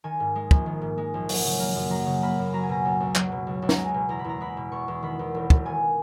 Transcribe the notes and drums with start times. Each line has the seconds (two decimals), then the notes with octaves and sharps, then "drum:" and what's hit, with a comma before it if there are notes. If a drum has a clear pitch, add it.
0.04 D#3 G#5
0.20 G#2
0.35 G#3
0.51 A#1, drum: kick
0.66 D#3
0.82 G#2
0.98 G#3
1.14 A#1
1.29 F#3, drum: open hi-hat
1.44 C#3
1.60 A#3
1.76 F#2
1.91 F#3 A#5
2.06 C#3
2.23 A#3 B5
2.38 F#2
2.53 F#3 A#5
2.63 G#5
2.69 B2 A#5
2.85 C#2
3.00 C#2
3.15 F#3, drum: clap
3.32 B2
3.47 C#2
3.62 C#2
3.69 A#5, drum: snare
3.77 G#3 G#5
3.94 B2
4.09 E2 A#5
4.19 B5
4.24 E2 A#5
4.41 G#3 B5
4.57 B2
4.72 E2 C#6
4.88 E2
5.02 D#3 B5
5.19 E2
5.35 E1
5.50 E1, drum: kick
5.66 D#3 G#5